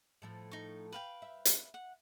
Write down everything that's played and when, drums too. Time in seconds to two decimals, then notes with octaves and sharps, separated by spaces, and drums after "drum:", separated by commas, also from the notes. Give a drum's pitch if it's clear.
0.22 A2 F3 A4
0.52 D#4 C#6
0.92 B4 F5 G5
1.22 E5
1.45 drum: hi-hat
1.74 F#5